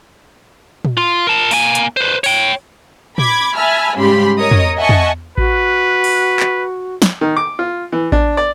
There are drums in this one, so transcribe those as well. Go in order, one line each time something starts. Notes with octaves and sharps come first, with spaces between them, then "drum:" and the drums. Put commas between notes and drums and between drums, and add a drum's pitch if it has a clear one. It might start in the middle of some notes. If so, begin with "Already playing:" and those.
drum: tom
F4
A#4 A5
A#3 G#5, drum: open hi-hat
drum: hi-hat
B4 C5
C#5 G5, drum: open hi-hat
B5 D6 G#6, drum: tom
E5 G#5 A5 B5 F6
G#2 C#3 G3 G4 B5 C6
A#4 C#5 D#5 A#5 D#6
drum: tom
D#5 E5 F#5 G#5 A5 C#6
drum: tom
F#4 B4, drum: kick A1
drum: open hi-hat
drum: clap
drum: snare
D#3
D6
F4
E3
D4, drum: kick A1
D5